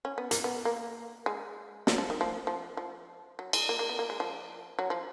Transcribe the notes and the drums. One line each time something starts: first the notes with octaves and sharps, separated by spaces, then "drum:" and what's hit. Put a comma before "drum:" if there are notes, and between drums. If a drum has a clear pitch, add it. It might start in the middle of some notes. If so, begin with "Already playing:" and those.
C#4
B3
A#3, drum: hi-hat
B3
A#3
G#3
F#3, drum: snare
F3
D#3
F3
F3
F3
F#3
G#3, drum: cymbal
A#3
A#3
B3
A#3
G#3
F3
F#3
F3